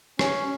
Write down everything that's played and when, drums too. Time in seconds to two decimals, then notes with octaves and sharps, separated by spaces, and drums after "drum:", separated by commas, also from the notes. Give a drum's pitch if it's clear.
0.19 C#4, drum: rim click